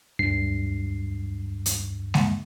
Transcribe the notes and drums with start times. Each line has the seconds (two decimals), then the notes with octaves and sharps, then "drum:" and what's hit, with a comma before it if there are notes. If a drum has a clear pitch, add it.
0.19 D2 G2 C7
1.66 drum: hi-hat
2.14 drum: snare G#3